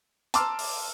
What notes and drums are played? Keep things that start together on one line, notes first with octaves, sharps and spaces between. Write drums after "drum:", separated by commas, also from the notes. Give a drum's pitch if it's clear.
A5 A#5 C6 D6 E6 F6, drum: hi-hat
drum: open hi-hat